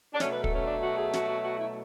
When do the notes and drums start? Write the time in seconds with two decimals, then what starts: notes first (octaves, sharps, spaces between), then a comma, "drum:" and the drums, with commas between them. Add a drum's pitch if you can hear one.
0.14 D4
0.20 B2 F#3 A3 C#4, drum: snare
0.33 B4
0.44 A4, drum: kick
0.55 C#4
0.66 D4
0.82 F#4
0.98 G#4
1.13 F#4, drum: snare
1.28 F#4
1.44 F#4
1.59 E4